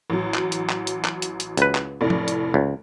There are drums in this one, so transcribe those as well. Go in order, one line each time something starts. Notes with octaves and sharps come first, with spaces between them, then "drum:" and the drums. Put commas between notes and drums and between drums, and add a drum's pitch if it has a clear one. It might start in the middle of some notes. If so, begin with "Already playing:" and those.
A1 F#3
drum: clap
drum: hi-hat
drum: clap
drum: hi-hat
drum: clap
drum: hi-hat
drum: hi-hat
C#2 B4, drum: hi-hat
drum: clap
F1 A2 D5
drum: tom F3
drum: hi-hat
C#2